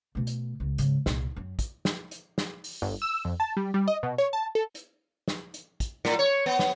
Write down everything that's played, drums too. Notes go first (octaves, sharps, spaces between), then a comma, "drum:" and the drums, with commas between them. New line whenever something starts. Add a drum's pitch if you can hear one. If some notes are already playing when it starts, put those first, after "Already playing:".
B2 A3
drum: hi-hat
C#2
G#2 C#3, drum: hi-hat
C2 A#2, drum: snare
F#2
drum: kick, hi-hat
drum: snare
drum: hi-hat
drum: snare
drum: open hi-hat
G1
E6
F2
A5
G3
G3
D#5
B2
C#5
A5
A4
drum: hi-hat
drum: snare
drum: hi-hat
drum: kick, hi-hat
A2, drum: snare
C#5
B3
drum: snare